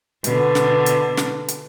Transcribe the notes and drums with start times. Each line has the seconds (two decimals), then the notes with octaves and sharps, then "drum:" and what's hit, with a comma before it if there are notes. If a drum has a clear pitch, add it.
0.24 B2 D3, drum: hi-hat
0.55 drum: snare
0.86 drum: hi-hat
1.17 drum: snare
1.48 drum: hi-hat